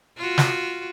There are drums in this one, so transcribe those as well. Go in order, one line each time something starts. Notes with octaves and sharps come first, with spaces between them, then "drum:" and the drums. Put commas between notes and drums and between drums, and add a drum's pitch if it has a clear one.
F4 F#4
drum: snare